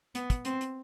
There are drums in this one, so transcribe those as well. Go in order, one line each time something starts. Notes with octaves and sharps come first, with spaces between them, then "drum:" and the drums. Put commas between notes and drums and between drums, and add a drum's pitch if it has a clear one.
B3, drum: hi-hat
drum: kick, hi-hat
C4, drum: hi-hat
drum: hi-hat